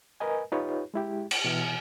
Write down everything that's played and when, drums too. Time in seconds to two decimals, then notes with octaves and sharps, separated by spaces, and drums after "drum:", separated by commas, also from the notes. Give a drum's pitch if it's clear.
0.20 A#4 B4 D#5 G#5
0.52 D#4 F4 G4 B4 C#5
0.94 G#3 E4 G4
1.31 drum: cymbal
1.44 B2 E3 F6